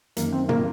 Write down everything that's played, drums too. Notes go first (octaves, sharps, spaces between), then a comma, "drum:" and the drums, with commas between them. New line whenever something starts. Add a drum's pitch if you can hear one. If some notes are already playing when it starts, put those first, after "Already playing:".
F#2 D#3 A#3, drum: hi-hat
C4
A#3, drum: tom